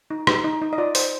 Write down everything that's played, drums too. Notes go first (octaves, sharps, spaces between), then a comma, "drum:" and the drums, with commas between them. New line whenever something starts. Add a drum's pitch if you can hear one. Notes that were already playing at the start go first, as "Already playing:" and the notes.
D#4
D#4, drum: rim click
D#4
D#4
D#5
F4 D5
C5, drum: open hi-hat